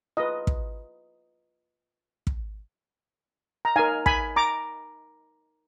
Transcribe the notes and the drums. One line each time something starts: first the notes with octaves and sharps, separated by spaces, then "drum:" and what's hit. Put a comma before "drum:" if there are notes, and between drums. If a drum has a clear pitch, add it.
F4 B4 D#5
drum: kick
drum: kick
A#5
D#4 A#4 F5 G#5
G#5 B5, drum: kick
A#5 D6